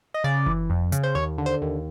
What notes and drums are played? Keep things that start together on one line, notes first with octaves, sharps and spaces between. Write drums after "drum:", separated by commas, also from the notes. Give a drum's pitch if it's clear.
D#5
C#3 D5
E3, drum: kick F#1
F2
C#3, drum: hi-hat
C5
D#2 C#5
D3
C5
D#2